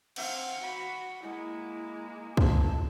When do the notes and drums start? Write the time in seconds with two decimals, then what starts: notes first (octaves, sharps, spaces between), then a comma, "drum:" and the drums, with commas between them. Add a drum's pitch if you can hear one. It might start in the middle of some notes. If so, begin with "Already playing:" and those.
0.16 C4 F5 F#5, drum: cymbal
0.60 F#4 B5
1.22 G#3 A#3 E4
2.37 A5, drum: kick